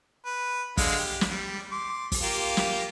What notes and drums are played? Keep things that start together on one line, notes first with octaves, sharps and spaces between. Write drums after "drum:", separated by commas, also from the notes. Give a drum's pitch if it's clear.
B4
D3 G#3 F5, drum: kick, open hi-hat
G4
drum: snare
G3
C6 D6
drum: kick, open hi-hat
A#3 F4 G4
drum: snare